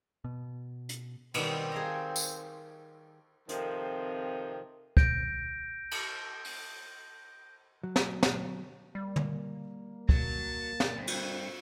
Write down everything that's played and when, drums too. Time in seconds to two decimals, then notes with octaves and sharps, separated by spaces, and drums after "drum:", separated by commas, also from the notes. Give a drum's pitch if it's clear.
0.24 B2
0.89 drum: hi-hat
1.34 B2 D#3 G3 C4, drum: cymbal
1.72 G#4 F5 A#5
2.16 drum: tambourine
3.49 F2 C3 D#3 F3, drum: hi-hat
4.97 G6 A#6 D7, drum: kick
5.91 drum: cymbal
6.45 drum: open hi-hat
7.83 F#3
7.96 drum: snare
8.23 drum: snare
8.95 G3 A#3
9.16 drum: tom
10.09 F#3 A5, drum: kick
10.80 drum: snare
10.98 G2 A3 A#4 C5
11.07 drum: cymbal